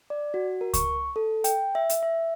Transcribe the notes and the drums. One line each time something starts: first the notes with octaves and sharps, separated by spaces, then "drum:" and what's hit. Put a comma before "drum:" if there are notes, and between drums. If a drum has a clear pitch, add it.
D5
F#4
A#4
C#6, drum: kick C#2, hi-hat
A4
G5, drum: hi-hat
E5
drum: hi-hat
E5